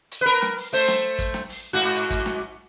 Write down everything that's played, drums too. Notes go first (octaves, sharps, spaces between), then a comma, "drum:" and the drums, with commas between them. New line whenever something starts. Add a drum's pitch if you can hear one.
drum: hi-hat
A#4 B4
drum: snare
drum: open hi-hat
A3 C5, drum: hi-hat
drum: snare
drum: kick, hi-hat
drum: snare
drum: open hi-hat
G#2 F#4
drum: hi-hat
drum: kick, hi-hat
drum: snare